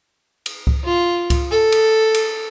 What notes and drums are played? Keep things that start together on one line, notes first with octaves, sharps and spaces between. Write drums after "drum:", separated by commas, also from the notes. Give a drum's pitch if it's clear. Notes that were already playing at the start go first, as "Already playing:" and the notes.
drum: cymbal
drum: kick C#2
F4
drum: kick C#2, cymbal
A4
drum: cymbal
drum: cymbal